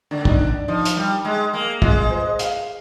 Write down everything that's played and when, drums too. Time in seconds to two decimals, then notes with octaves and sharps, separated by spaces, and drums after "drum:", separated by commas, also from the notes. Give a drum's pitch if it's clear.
0.11 D3 D4
0.25 D#4, drum: kick
0.39 D4
0.68 F3 D#4
0.85 drum: hi-hat
0.96 G3
1.25 G#3
1.54 A#3
1.82 G#3 F4, drum: kick
2.10 C5
2.25 D#5
2.39 F5, drum: hi-hat